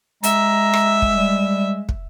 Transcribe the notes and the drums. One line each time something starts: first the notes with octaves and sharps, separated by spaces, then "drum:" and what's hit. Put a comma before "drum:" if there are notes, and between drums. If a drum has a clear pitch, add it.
G#3 E5 A#5, drum: hi-hat
drum: rim click
drum: kick
G3
drum: kick